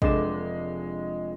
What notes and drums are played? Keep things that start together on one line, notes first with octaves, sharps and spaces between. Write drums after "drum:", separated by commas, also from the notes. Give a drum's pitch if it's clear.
F1 G#3 D4 E7, drum: kick